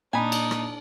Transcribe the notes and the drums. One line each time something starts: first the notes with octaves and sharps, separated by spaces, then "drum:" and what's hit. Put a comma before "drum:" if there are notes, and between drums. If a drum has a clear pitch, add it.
A#2 D4 D#4 G#5 B5
drum: cymbal
drum: rim click